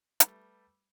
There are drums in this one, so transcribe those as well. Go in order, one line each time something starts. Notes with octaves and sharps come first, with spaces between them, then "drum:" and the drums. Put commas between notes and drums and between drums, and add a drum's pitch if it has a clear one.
G3 A3 B3, drum: hi-hat